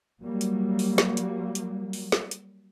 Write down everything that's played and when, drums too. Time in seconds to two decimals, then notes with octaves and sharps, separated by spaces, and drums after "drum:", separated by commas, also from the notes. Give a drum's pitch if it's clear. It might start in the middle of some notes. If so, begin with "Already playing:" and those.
0.22 F#3 G3 A#3
0.41 drum: hi-hat
0.79 drum: open hi-hat
0.98 drum: snare
1.17 drum: hi-hat
1.55 drum: hi-hat
1.93 drum: open hi-hat
2.12 drum: snare
2.31 drum: hi-hat